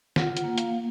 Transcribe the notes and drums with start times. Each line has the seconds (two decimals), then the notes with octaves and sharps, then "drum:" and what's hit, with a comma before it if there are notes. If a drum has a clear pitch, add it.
0.16 F4 F#5, drum: snare
0.37 F#5, drum: hi-hat
0.44 A#3
0.58 F5, drum: hi-hat
0.71 A#3